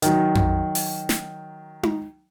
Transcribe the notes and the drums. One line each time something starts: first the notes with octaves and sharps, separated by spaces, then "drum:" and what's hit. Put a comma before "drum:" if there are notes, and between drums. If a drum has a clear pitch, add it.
D#3 F#3, drum: hi-hat
drum: tom F2
drum: open hi-hat
drum: snare
drum: tom D#4